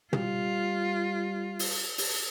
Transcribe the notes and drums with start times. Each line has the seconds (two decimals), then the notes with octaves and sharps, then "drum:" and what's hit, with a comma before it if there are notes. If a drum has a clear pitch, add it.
0.13 G3 F4, drum: tom
1.59 drum: open hi-hat
1.98 drum: open hi-hat